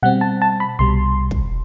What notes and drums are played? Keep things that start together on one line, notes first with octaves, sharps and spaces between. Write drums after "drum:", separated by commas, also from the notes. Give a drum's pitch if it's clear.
B2 G3 C4 F#5
A5
A5
B5
C2 B2 G3 C6
drum: kick